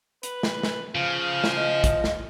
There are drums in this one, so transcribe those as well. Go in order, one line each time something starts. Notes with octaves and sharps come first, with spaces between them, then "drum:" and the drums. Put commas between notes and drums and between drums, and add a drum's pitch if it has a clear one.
B4, drum: hi-hat
drum: snare
drum: snare
C#3 F3 F5
drum: snare
D#5
drum: kick, hi-hat
drum: snare